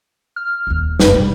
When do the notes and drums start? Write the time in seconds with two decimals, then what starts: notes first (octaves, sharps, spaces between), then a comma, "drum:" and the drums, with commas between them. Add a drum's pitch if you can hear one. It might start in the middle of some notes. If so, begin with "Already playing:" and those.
0.36 F6
0.67 D#1 D#2
1.00 F#1 G#2 B4, drum: snare
1.15 B2 G3